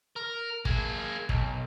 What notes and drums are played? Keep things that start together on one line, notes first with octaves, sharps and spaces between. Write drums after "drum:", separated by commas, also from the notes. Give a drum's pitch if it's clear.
A#4
A#3 G#4, drum: kick
B1, drum: kick